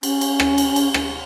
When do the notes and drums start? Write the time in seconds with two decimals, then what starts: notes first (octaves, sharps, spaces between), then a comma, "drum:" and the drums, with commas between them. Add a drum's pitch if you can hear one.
0.03 C#4, drum: cymbal
0.21 drum: cymbal
0.40 drum: rim click
0.58 drum: cymbal
0.76 drum: cymbal
0.94 drum: rim click